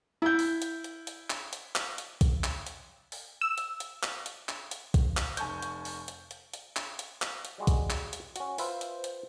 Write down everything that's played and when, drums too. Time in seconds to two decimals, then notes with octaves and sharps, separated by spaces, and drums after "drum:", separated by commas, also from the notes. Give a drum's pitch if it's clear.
0.22 E4 G6
0.39 drum: open hi-hat
0.62 drum: hi-hat
0.84 drum: hi-hat
1.07 drum: hi-hat
1.30 drum: clap
1.53 drum: hi-hat
1.75 drum: clap
1.98 drum: hi-hat
2.21 drum: kick B1, hi-hat
2.44 drum: clap
2.67 drum: hi-hat
3.12 drum: open hi-hat
3.41 E6
3.58 drum: hi-hat
3.80 drum: hi-hat
4.03 drum: clap
4.26 drum: hi-hat
4.49 drum: clap
4.71 drum: hi-hat
4.94 drum: kick B1, hi-hat
5.17 drum: clap
5.37 F1 G#5 A5 C#6 G6, drum: hi-hat
5.62 drum: hi-hat
5.85 drum: open hi-hat
6.08 drum: hi-hat
6.31 drum: hi-hat
6.54 drum: hi-hat
6.76 drum: clap
6.99 drum: hi-hat
7.22 drum: clap
7.45 drum: hi-hat
7.58 G3 G#3 F#4
7.67 drum: kick B1, hi-hat
7.90 drum: clap
8.13 drum: hi-hat
8.36 C#4 F#4, drum: hi-hat
8.58 F4 B4 C5 E5, drum: open hi-hat
8.81 drum: hi-hat
9.04 drum: hi-hat